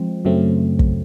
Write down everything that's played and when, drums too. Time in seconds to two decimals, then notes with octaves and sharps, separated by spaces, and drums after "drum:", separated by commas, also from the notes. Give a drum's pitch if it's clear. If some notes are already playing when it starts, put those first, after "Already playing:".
Already playing: F3 G#3 C4
0.25 F#2 C#3 F#3 A3 C4
0.79 drum: kick